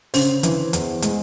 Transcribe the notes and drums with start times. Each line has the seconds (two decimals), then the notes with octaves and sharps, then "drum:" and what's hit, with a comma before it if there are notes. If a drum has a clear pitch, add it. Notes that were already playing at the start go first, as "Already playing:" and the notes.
0.14 C#3 C5, drum: open hi-hat
0.43 E3, drum: hi-hat
0.73 E2, drum: hi-hat
1.02 G#3, drum: hi-hat